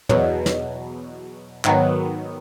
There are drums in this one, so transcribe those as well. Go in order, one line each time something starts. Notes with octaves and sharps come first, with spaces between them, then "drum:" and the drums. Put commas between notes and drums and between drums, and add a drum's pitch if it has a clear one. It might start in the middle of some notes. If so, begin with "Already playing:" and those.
E2 B2 F#3, drum: tom
drum: snare
G#2 D#3 F#3 B3, drum: clap